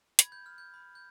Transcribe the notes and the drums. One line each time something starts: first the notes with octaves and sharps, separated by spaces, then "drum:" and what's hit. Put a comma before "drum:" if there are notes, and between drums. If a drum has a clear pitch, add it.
B5 G#6, drum: hi-hat
G6
F6
G6
B5
G6